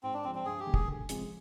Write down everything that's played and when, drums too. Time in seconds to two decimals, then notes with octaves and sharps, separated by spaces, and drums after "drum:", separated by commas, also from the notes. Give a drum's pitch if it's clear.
0.03 G#2 C4
0.14 D4
0.24 F3 G#3 C4
0.35 C4
0.45 G2 G#4
0.60 G4
0.67 D#3 G#3 B3
0.74 G#4, drum: kick
0.87 D2
1.09 C3 F3 G#3, drum: hi-hat